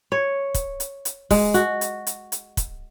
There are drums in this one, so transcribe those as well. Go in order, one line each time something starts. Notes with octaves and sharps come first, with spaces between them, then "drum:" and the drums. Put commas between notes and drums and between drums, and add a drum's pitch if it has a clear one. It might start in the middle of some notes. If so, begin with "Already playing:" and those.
C#5
drum: kick, hi-hat
drum: hi-hat
drum: hi-hat
G#3, drum: kick, open hi-hat
F#4, drum: hi-hat
drum: hi-hat
drum: hi-hat
drum: hi-hat
drum: kick, hi-hat